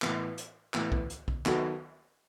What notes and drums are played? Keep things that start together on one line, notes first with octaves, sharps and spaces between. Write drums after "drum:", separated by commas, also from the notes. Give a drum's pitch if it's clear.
A2 E3 B3, drum: clap
drum: hi-hat
A2 E3 B3, drum: clap
drum: kick
drum: hi-hat
drum: kick
D#3 F#3 B3 F#4 A4, drum: clap